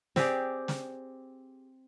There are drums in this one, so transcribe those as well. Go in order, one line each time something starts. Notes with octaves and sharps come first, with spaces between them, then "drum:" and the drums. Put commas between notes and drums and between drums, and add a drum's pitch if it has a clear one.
C4 G4 G#4 D5, drum: snare
drum: snare